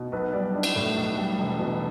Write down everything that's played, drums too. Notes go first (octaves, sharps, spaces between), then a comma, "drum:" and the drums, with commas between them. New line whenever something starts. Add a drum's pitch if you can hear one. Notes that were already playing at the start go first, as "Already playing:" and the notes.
Already playing: B2
B1 B4
G3 D5
D4 E4
drum: cymbal
A2 A3
B1
G3
E1
B2